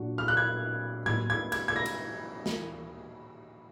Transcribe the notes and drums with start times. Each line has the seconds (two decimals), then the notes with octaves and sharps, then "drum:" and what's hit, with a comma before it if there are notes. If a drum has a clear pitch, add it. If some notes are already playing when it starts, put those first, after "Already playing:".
Already playing: A#2 F#3 D4 F#4
0.18 F6
0.28 F#6
0.37 G#6
1.06 D#3 A#3 D#4 F#4 G#6, drum: tom
1.30 G#6
1.52 G#6, drum: cymbal
1.68 G#6
1.76 A#6
1.86 drum: cymbal
2.46 drum: snare